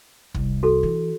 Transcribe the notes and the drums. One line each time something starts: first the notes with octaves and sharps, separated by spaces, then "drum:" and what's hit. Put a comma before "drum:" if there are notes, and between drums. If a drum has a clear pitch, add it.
C2, drum: kick
F#4 A4
E3